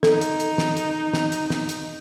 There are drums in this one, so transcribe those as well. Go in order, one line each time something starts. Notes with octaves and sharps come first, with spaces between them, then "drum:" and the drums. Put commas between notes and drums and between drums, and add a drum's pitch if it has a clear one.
D#4 A4, drum: snare
drum: hi-hat
drum: hi-hat
drum: snare
drum: hi-hat
drum: snare
drum: hi-hat
drum: snare
drum: hi-hat